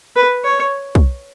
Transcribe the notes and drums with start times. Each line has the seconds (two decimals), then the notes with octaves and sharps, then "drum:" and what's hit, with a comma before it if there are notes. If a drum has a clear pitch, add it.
0.16 B4
0.45 C#5
0.95 drum: kick